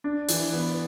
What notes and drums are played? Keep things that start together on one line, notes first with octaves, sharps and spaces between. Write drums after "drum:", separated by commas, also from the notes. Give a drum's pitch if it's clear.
D4
E3, drum: hi-hat
B3